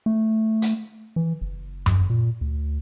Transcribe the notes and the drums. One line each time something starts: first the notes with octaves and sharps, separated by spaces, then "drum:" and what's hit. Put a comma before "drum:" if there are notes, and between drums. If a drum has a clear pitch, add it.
A3
drum: hi-hat
E3
F#1
drum: tom F#2
A#2
D2